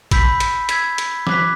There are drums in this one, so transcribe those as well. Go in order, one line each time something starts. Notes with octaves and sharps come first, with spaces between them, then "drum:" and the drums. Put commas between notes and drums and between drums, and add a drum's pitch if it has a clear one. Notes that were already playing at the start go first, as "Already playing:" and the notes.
B5 E6 G6 B6, drum: kick, hi-hat
drum: hi-hat
E6 G#6 B6, drum: hi-hat
drum: hi-hat
D6 F#6 B6, drum: snare E3